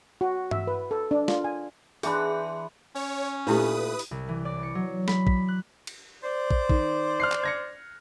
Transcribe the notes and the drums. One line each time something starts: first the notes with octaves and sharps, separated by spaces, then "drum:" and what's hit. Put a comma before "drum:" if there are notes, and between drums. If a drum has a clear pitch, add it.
F#4
E5, drum: tom G2
B4
A4
D4
F4, drum: snare
G#5
E3 D4 G#4 B4 C6, drum: open hi-hat
C#4 C#5
A#2 A3 D4 E4 G4 B4 D#6
drum: open hi-hat
C2
E3
D5
C#7
F#3
B5, drum: snare
B6, drum: kick
F#6
drum: cymbal
C5 D5
drum: kick
D#3, drum: kick
F6 F#6 C7
drum: clap
G#6 A#6 C#7